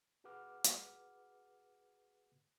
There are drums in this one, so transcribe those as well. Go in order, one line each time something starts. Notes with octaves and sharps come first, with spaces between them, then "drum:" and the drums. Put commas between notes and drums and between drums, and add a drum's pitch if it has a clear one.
F#4 G#4 B4 F#5 D6 F6
drum: hi-hat